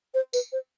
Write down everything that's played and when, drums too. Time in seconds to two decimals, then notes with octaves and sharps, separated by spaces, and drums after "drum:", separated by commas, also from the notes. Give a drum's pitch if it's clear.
0.14 C5
0.33 B4, drum: tambourine
0.52 C5